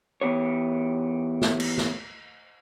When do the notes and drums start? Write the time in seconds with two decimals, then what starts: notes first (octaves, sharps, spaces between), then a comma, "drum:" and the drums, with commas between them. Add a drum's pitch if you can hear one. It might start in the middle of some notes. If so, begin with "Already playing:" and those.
0.21 E3 B3 G4 C#5
1.42 drum: snare
1.60 drum: cymbal
1.78 drum: snare